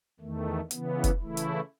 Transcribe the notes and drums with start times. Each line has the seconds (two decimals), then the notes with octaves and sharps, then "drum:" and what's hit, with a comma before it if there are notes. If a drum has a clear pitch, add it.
0.20 E2 D#3 A3
0.71 C#3 E3 B3, drum: hi-hat
1.04 drum: kick, hi-hat
1.20 C#3 E3 A3 E4
1.37 drum: hi-hat